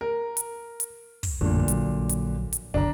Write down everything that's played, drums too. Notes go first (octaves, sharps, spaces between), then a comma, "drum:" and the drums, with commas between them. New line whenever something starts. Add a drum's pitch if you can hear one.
A#4
drum: hi-hat
drum: hi-hat
drum: kick, open hi-hat
A1 F2 A#2 D3 G3
A#1 F#3, drum: hi-hat
drum: hi-hat
drum: hi-hat
F#1 B1 D3 D4 A#5